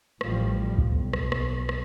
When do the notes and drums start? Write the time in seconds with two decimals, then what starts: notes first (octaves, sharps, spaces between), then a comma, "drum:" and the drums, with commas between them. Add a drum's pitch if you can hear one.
0.21 A1 A2 F3 G3, drum: rim click
0.78 B1, drum: kick
1.13 drum: rim click
1.32 drum: rim click
1.69 drum: rim click